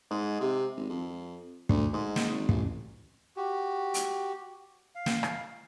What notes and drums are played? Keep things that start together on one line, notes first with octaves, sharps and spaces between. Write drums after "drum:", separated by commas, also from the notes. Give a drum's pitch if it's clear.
G#2
C3
G#1
F2
D2, drum: kick
G#2
drum: snare
G#1
A1, drum: kick
F#4 G4
drum: hi-hat
F5
drum: snare
drum: rim click